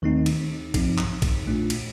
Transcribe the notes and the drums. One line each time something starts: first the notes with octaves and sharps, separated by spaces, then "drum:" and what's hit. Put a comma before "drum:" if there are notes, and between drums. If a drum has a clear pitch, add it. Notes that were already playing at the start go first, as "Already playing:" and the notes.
D#2 D#3 A3 C4 D#4
drum: cymbal
G2 F3 C4 D#4, drum: kick A#1, cymbal
drum: clap
drum: kick A#1, cymbal
A#2 A3 D4 F4
drum: cymbal